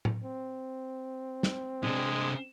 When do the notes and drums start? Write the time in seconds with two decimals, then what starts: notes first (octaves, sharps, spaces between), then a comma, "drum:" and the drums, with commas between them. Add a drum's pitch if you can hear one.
0.05 drum: tom A2
0.23 C4
1.43 drum: snare
1.83 C3 G#3 D4, drum: tom